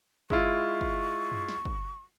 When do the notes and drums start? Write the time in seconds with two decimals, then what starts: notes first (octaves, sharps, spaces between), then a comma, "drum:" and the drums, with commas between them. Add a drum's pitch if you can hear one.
0.30 G#3 E4 F4 C#6, drum: kick
0.81 drum: kick
1.32 drum: tom F#2
1.48 drum: snare
1.65 drum: kick